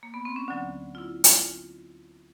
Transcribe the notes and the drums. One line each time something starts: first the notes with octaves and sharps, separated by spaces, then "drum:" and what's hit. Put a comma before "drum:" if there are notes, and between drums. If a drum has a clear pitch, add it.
A#3
B3
C4
C#4
D2 D3 F#3 D4
F4
E4
F4, drum: hi-hat